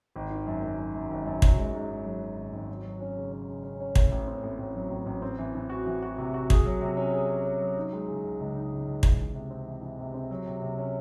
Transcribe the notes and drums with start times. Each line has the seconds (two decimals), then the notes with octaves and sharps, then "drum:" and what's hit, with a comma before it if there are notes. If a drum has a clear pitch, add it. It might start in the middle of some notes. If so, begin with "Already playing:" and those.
0.16 G#1
0.30 D#3
0.47 F#2
0.63 F#2
0.78 F#2
0.94 F#2
1.11 G#1
1.25 F#2
1.42 F#3, drum: kick
1.57 G#2
1.74 G#2
1.90 G#2
2.05 F#3
2.22 F#3
2.36 G#1
2.53 G#1
2.69 F#3
2.85 F#3
3.01 C#4
3.17 C#3
3.32 C#4
3.49 C#3
3.63 C#4
3.80 C#4
3.95 A2, drum: kick
4.12 A1
4.27 C4
4.44 A2
4.59 A1
4.75 F#3
4.90 A1
5.06 A1
5.22 C4
5.39 E3
5.55 E3
5.70 F#4
5.86 E3
6.02 F#4
6.18 C3
6.34 F#4
6.50 G#4, drum: kick
6.65 F#3
6.81 C3
6.97 C#4
7.12 G#4
7.29 C#4
7.45 C#4
7.60 F#3
7.77 D#4
7.93 G#3
8.08 C#3
8.24 C#2
8.40 C#2
8.56 D#4
8.72 C#2
8.87 C#2
9.03 E3, drum: kick
9.19 E3
9.34 C3
9.50 C4
9.66 E3
9.82 E3
9.99 C3
10.14 C4
10.31 F#3
10.46 C3
10.62 C3
10.78 C#4